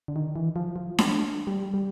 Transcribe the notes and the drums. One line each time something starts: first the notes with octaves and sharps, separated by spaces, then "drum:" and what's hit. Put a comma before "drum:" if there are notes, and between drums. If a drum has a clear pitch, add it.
D3
D#3
E3
F3
F3
drum: snare D4
G3
G3